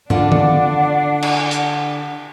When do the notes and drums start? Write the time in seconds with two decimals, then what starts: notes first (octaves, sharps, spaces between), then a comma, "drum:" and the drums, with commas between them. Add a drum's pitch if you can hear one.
0.10 D3 D4 F4 F#5, drum: tom
0.32 drum: tom
1.22 drum: cymbal
1.51 drum: hi-hat